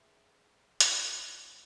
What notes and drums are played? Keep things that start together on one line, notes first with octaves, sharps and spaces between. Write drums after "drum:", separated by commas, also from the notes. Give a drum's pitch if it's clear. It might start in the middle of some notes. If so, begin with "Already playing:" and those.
Already playing: G#4 B4 E5 G5 C6
D#4 G4 C5 E5, drum: hi-hat